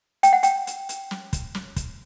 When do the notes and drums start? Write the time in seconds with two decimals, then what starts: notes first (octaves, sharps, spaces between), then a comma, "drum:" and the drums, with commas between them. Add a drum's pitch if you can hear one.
0.23 G5, drum: hi-hat
0.33 F#5
0.43 G5, drum: hi-hat
0.67 drum: hi-hat
0.89 drum: hi-hat
1.11 drum: snare
1.33 drum: kick, hi-hat
1.55 drum: snare
1.76 drum: kick, hi-hat